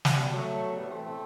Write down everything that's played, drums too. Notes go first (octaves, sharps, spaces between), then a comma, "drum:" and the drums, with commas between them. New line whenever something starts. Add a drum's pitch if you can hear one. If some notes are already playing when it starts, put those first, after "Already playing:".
drum: snare
B2 G3
B2 F#3 A3
B2
B2
A2 G3 B3
E3 A3 C4
B2 A3 C4